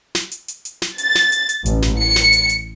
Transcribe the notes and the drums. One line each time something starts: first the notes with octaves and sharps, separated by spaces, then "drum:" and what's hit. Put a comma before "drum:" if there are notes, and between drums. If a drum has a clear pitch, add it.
drum: snare
drum: hi-hat
drum: hi-hat
drum: hi-hat
drum: snare
A6, drum: hi-hat
drum: snare
drum: hi-hat
drum: hi-hat
A1, drum: hi-hat
drum: snare
C#7
drum: snare
drum: hi-hat
drum: hi-hat